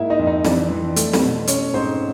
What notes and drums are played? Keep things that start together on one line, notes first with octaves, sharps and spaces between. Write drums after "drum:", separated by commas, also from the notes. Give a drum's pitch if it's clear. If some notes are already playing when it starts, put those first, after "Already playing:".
Already playing: G#2 A#3 E4 E5
D#4 D#5
F2
D#4 D#5
E3 D4 D5, drum: snare
E3
A3, drum: hi-hat
drum: snare
B2
A3 C#4 C#5, drum: hi-hat
G#2 C4 C5